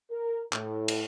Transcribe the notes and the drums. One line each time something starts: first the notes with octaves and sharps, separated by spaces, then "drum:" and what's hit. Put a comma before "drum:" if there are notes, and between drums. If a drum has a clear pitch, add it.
A#4
A2, drum: clap
drum: cymbal